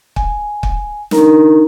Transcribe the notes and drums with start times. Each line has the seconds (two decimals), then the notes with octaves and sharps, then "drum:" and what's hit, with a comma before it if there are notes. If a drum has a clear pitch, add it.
0.16 G#5, drum: kick
0.63 drum: kick
1.11 D4 D#4 A#4 A#5, drum: snare